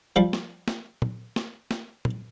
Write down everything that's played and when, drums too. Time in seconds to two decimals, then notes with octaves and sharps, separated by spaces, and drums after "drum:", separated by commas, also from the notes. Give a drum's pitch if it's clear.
0.16 F3 G3
0.33 drum: snare
0.68 drum: snare
1.02 drum: tom
1.36 drum: snare
1.71 drum: snare
2.05 drum: tom